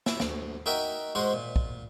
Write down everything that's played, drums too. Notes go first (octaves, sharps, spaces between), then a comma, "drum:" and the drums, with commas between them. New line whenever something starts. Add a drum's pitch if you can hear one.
E4, drum: snare
D2, drum: snare
D#4 F#4 A#4 E5 G5
G#2 G#3 F#4 C5
A#2
drum: kick